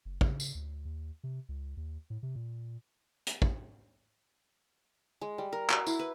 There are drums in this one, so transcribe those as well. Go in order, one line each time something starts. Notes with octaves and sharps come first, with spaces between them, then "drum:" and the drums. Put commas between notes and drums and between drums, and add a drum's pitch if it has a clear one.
F#1
C#3, drum: kick
drum: tambourine
D2
D#2
C3
C#2
D#2
A2
C3
A#2
drum: hi-hat
drum: kick
G#3
G3
A#4
F#4, drum: clap
E4, drum: tambourine
B4